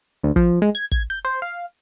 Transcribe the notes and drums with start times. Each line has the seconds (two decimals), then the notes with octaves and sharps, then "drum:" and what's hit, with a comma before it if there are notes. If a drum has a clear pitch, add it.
0.23 D2
0.36 F3, drum: kick
0.62 G#3
0.75 G#6
0.92 G#6, drum: kick
1.10 G6
1.25 C5
1.42 F5